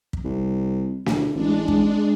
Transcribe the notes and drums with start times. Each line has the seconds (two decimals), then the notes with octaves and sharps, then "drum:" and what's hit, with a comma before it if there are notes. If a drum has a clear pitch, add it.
0.13 drum: kick
0.25 C2
1.06 D2, drum: snare
1.35 A1 G#3 D4
1.68 drum: kick